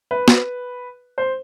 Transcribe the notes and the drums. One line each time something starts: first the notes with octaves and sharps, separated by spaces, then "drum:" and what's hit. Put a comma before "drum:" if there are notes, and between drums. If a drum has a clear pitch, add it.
B4
drum: snare
C5